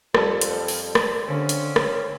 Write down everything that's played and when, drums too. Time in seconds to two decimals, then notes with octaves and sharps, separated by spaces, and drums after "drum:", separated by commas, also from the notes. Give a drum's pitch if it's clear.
0.15 F2 G3 A4, drum: rim click
0.41 drum: hi-hat
0.68 drum: open hi-hat
0.95 drum: rim click
1.28 D3 F3 C4 C#4
1.49 drum: hi-hat
1.76 drum: rim click